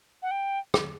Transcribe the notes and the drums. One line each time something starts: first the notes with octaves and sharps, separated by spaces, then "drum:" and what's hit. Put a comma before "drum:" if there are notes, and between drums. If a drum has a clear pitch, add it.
F#5
G5
drum: rim click